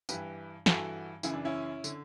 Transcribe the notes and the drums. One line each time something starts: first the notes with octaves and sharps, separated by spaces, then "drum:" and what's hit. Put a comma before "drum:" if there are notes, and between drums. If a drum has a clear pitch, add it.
G2 E3 G4 B4, drum: tambourine
G2 E3 F#4 A4, drum: snare
F#2 C#3 E3 E4, drum: tambourine
D4
C#4 E4
D3, drum: tambourine